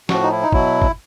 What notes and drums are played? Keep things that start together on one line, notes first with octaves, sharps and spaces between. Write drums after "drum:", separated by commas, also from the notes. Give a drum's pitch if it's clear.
A2 F3 F#4, drum: snare
D#4
E4
D#4
B2 F#3 E4, drum: kick G1
drum: kick G1